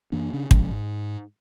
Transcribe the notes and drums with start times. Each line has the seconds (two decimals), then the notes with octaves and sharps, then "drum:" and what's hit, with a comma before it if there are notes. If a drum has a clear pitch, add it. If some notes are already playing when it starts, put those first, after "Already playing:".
0.12 F#2 E3 A#3 D4
0.33 C#3 C#4 D4
0.51 B2 F3 G#3 C#4, drum: kick
0.71 G#2